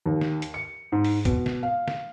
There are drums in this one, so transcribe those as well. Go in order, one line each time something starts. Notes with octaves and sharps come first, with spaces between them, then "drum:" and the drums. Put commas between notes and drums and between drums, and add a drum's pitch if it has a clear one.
D#2
drum: snare
drum: hi-hat
C#7
G#2
drum: open hi-hat
B2, drum: kick, hi-hat
drum: snare
F5
drum: snare